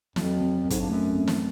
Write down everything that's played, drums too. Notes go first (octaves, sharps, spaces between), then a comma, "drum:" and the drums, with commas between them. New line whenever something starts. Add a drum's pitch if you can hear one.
F2 F#3, drum: snare
C4
C4
G#2, drum: kick, hi-hat
G2
F#2 A3
C4
drum: snare